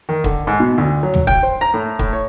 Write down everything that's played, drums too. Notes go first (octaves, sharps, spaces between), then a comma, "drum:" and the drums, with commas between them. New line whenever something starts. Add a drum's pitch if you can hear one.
D#3
D3, drum: kick
G#2
B2
D2
F#3
drum: tom
G5, drum: kick
C5
A#5
A2
A2, drum: kick
C#5